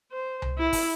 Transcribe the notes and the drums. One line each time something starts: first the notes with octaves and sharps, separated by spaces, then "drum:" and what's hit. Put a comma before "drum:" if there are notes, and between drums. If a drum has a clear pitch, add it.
C5
drum: tom C2
E4
drum: kick, open hi-hat